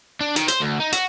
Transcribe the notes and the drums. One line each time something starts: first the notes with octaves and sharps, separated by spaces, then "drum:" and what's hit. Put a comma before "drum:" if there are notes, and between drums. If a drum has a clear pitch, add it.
D4
D#3, drum: hi-hat
C5, drum: hi-hat
D2
D#4
F#4, drum: hi-hat